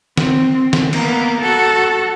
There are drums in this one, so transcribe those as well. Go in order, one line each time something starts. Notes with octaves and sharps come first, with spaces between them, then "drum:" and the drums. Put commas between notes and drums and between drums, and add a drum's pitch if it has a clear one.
C4, drum: snare
drum: snare
A#3 B3, drum: cymbal
F#4 A4